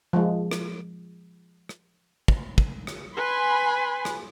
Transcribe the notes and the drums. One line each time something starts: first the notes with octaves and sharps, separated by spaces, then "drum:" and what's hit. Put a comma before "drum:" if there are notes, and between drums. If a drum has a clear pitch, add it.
F3 G#3
drum: rim click
drum: rim click
drum: kick
drum: kick
drum: rim click
B4 G#5 B5 C6
drum: rim click